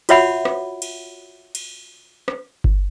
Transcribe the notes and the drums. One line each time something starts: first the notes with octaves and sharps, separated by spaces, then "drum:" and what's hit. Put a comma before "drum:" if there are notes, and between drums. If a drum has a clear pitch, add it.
F4 F#4 C#5 E5 F#5 B5, drum: cymbal
drum: rim click
drum: cymbal
drum: cymbal
drum: rim click
drum: kick G1